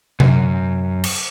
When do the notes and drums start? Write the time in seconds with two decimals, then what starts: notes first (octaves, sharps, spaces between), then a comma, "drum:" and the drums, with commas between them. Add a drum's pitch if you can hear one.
0.20 F#2, drum: tom C3
1.04 drum: cymbal